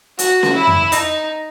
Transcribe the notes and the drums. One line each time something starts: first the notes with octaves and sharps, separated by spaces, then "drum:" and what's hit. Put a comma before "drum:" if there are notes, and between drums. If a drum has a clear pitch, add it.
F#4, drum: hi-hat
drum: snare C#4
E4
drum: tom F2
D#4, drum: hi-hat